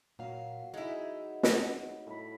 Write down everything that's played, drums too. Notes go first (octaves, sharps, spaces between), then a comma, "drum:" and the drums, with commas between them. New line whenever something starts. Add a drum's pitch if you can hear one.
A#2 F#3 F5
G#3 D#4 E4
drum: snare
A2 B5